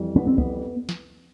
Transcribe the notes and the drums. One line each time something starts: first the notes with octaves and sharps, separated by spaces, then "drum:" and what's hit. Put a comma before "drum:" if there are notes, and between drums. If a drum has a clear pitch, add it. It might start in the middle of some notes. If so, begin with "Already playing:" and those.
Already playing: F2 E3 G3
B3
C4
B3, drum: kick C2
drum: snare